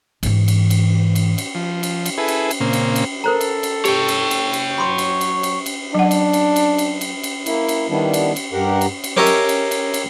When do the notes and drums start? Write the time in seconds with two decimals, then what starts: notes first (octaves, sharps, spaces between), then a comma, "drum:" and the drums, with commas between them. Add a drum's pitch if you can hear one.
0.23 G#2 E3, drum: cymbal
0.48 drum: cymbal
0.70 drum: cymbal
1.15 drum: cymbal
1.38 drum: cymbal
1.55 F3
1.83 drum: cymbal
2.06 drum: cymbal
2.18 E4 G#4 A4 B4
2.28 drum: cymbal
2.51 drum: cymbal
2.60 A#2 C#3 A#3 C4
2.73 drum: cymbal
2.96 drum: cymbal
3.24 A4 A#4 C5 A#5
3.41 drum: cymbal
3.63 drum: cymbal
3.85 G4 C#5 G5, drum: cymbal
4.08 drum: cymbal
4.31 drum: cymbal
4.53 drum: cymbal
4.78 F#3 B5 C6 D6
4.98 drum: cymbal
5.21 drum: cymbal
5.43 drum: cymbal
5.66 drum: cymbal
5.95 F#3 D4 F#5
6.11 drum: cymbal
6.33 drum: cymbal
6.56 drum: cymbal
6.78 drum: cymbal
7.01 drum: cymbal
7.23 drum: cymbal
7.46 A#3 E4, drum: cymbal
7.69 drum: cymbal
7.90 D#3 G3 B3 D4 E4
8.14 drum: cymbal
8.36 drum: cymbal
8.53 G2 G4 A#4 F#5
8.81 drum: cymbal
9.04 drum: cymbal
9.17 C#4 G4 A#4 C#5 D#5 E5
9.26 drum: cymbal
9.49 drum: cymbal
9.71 drum: cymbal
9.94 drum: cymbal